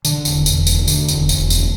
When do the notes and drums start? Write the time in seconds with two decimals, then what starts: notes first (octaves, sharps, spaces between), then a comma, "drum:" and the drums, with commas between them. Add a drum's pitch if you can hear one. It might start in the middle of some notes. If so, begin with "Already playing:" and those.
0.05 D3, drum: tambourine
0.25 E1, drum: tambourine
0.46 E1, drum: tambourine
0.67 D2, drum: tambourine
0.88 D3, drum: tambourine
1.09 E1, drum: tambourine
1.29 E1, drum: tambourine
1.50 D2, drum: tambourine